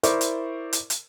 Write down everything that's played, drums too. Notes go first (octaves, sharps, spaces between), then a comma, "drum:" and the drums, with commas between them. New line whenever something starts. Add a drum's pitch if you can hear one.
E4 A#4 C5 D5 C#6 D6, drum: hi-hat
drum: hi-hat
drum: hi-hat
drum: hi-hat